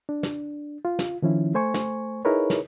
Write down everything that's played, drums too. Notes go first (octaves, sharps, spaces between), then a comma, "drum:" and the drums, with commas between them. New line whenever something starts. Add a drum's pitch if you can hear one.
D4
drum: snare
F4
drum: snare
D#3 F3 C#4 E4
A3 C5 G#5 C#6
drum: snare
D#4 E4 G#4 A#4 B4 C#5
drum: snare